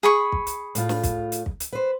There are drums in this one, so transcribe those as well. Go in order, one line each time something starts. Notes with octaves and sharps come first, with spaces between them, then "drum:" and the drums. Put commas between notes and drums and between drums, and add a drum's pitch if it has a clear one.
G#4 B5 C#6
drum: kick
drum: hi-hat
A2 F4, drum: hi-hat
drum: snare
drum: kick, hi-hat
drum: hi-hat
drum: kick
drum: hi-hat
B4 C5